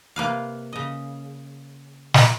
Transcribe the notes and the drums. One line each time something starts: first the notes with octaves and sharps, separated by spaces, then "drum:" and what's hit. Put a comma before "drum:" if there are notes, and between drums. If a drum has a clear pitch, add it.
C3 A#3 B4 F5
C#3 D#5
drum: snare